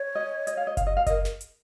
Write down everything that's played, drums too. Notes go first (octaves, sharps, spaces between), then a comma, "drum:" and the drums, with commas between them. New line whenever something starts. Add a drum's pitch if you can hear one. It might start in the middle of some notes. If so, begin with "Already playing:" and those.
Already playing: C#5
D#5
D#5, drum: hi-hat
F5
D#5
F5, drum: kick F#1, hi-hat
D#5
F5
A#4 D#5, drum: kick F#1, hi-hat
drum: snare
drum: hi-hat